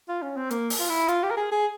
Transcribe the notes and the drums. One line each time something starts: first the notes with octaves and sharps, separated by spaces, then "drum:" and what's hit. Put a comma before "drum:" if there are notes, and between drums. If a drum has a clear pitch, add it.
F4
C#4
C4
A#3, drum: hi-hat
drum: open hi-hat
F4
E4
F4, drum: hi-hat
G4
A#4
G#4
G#4